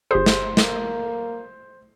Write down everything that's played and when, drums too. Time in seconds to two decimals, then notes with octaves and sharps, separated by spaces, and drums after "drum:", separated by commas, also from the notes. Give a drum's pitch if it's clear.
0.11 G1 G4 G#4 C5
0.26 drum: snare
0.57 A#3, drum: snare